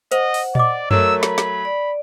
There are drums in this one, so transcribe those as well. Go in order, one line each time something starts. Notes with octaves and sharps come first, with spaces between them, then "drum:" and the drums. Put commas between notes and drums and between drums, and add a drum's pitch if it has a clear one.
C5 D#5 F#5, drum: hi-hat
drum: open hi-hat
D5 D#5 D6, drum: tom A#2
F#3 A3 A#4 A#5 E6, drum: tom F#2
B5, drum: snare
drum: snare
D5